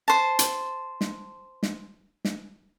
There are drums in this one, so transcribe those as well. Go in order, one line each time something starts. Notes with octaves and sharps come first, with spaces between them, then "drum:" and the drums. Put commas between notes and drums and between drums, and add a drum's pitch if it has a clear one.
C5 A5
drum: hi-hat
drum: snare
drum: snare
drum: snare